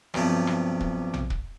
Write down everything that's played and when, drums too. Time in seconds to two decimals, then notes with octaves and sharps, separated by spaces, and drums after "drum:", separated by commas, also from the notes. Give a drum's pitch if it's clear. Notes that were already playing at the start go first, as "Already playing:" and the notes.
0.14 B1 G2 C3 F3, drum: rim click
0.47 drum: rim click
0.80 drum: kick
1.14 drum: tom A#1
1.30 drum: kick